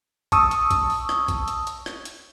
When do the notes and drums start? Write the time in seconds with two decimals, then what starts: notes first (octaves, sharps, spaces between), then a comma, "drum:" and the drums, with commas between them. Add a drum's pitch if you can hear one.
0.32 A5 C#6 D#6 E6, drum: kick A#1, hi-hat
0.51 drum: hi-hat
0.71 drum: kick A#1, hi-hat
0.90 drum: open hi-hat
1.09 drum: rim click
1.28 drum: kick A#1, hi-hat
1.48 drum: hi-hat
1.67 drum: hi-hat
1.86 drum: rim click
2.05 drum: hi-hat